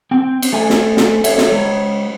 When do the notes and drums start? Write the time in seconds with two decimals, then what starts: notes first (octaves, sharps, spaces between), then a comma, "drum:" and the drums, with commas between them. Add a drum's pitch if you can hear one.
0.11 C4 G5
0.42 drum: cymbal
0.53 A3 G#5
0.70 drum: snare
0.97 drum: snare
1.24 A4 C#5 E5, drum: cymbal
1.38 drum: snare
1.48 G#3 C#5